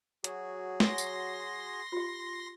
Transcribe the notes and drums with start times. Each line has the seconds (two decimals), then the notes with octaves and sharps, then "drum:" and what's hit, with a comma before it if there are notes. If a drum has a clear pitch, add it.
0.24 F#3 F#4 G#4, drum: hi-hat
0.80 G#5 A#5 C6 A#6, drum: snare
0.98 drum: tambourine
1.92 F4 G4